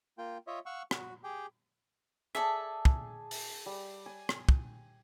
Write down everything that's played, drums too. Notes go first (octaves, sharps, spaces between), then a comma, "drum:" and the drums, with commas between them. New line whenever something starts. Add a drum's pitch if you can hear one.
A#3 F4 G5
F4 C#5 D#5 E5
F5 F#5 C#6 E6
F#4, drum: rim click
G4 G#4 G5
G#4 A4 D5 E5 A5
drum: kick
drum: open hi-hat
G3
G#5
drum: rim click
drum: kick